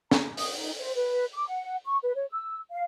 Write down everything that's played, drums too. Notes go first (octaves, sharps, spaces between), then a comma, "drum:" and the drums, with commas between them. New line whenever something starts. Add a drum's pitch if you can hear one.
A#5, drum: snare
D#6, drum: open hi-hat
D#4
C5
B4
D6
F#5
C#6
B4
C#5
E6
F5